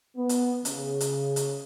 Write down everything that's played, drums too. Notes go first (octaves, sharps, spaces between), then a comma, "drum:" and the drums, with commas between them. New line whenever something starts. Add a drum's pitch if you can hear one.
B3
drum: hi-hat
C#3, drum: hi-hat
drum: hi-hat
drum: hi-hat